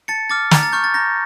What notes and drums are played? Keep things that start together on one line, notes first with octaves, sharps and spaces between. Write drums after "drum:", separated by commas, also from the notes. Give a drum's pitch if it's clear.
A5 A6 C#7
D6 F6 A6
A#5 A6, drum: snare
A6
C#6 F6 G6
A6
A#5 G6 A#6